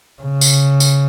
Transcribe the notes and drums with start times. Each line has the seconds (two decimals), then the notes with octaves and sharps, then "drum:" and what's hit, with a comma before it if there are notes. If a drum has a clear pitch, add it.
0.22 C#3
0.41 drum: tambourine
0.80 drum: tambourine